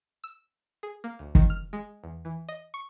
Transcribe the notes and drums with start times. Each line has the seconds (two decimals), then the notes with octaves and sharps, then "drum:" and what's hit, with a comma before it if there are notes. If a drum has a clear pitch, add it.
0.24 E6
0.83 G#4
1.04 A#3
1.19 D2
1.35 D#3, drum: kick
1.50 F6
1.73 G#3
2.04 E2
2.25 E3
2.49 D#5
2.74 C#6